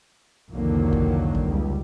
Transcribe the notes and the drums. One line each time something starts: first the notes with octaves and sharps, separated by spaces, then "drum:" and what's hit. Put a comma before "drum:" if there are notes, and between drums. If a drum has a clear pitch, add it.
C2 F2 D3 D#3 F#3 A#3
drum: kick G#1
drum: kick G#1
C#2 G3